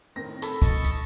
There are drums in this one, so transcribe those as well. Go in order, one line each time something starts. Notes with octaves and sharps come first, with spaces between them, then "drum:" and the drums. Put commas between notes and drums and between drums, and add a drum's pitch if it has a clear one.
A2 D#3 C4 A#4 A#6
A4 B5, drum: hi-hat
D#5 A5 C#6, drum: kick, hi-hat
drum: hi-hat